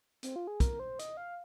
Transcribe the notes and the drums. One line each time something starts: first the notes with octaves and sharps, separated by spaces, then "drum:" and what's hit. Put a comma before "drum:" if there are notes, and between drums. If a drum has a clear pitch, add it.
C4, drum: hi-hat
F4
G#4
A#4, drum: kick, hi-hat
C5
D#5, drum: hi-hat
F5